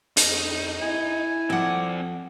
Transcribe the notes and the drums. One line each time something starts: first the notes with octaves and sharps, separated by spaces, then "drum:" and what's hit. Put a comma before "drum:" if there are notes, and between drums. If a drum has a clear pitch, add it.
F2 D#4, drum: hi-hat
E4 G#5
F2 C4 D5 F#5